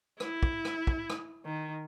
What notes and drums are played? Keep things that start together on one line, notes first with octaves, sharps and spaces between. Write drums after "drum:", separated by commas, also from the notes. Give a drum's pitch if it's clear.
E4, drum: rim click
drum: kick
drum: rim click
drum: kick
drum: rim click
D#3